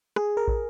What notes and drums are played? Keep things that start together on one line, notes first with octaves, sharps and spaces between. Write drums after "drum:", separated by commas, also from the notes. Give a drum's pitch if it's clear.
G#4, drum: rim click
A#4
drum: kick